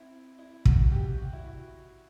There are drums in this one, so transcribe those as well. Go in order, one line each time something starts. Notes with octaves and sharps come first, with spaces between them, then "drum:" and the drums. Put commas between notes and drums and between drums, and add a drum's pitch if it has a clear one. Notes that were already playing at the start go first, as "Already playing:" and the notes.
Already playing: C4 E4
E4
F#4, drum: kick
G4
F#4
E4
F#4